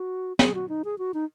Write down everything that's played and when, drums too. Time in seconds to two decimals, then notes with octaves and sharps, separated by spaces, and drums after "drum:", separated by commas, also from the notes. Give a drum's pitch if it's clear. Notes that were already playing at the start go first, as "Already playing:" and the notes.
Already playing: F#4
0.39 G#4, drum: snare
0.55 F#4
0.69 D#4
0.85 G#4
0.98 F#4
1.14 D#4